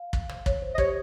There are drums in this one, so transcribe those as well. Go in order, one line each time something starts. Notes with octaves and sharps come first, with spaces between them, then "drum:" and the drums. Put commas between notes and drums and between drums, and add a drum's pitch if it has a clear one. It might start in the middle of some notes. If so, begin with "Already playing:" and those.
Already playing: F5
drum: kick
drum: tom G#1
C#5, drum: kick
C5
D#5
G4 C#5, drum: kick